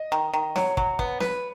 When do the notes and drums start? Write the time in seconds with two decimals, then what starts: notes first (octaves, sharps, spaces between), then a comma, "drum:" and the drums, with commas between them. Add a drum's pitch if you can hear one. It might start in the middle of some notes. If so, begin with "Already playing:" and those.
Already playing: D#5
0.12 D#3
0.33 D#3
0.56 F#3 C#5, drum: snare
0.77 F#3, drum: kick
0.99 B3, drum: kick
1.20 B4, drum: snare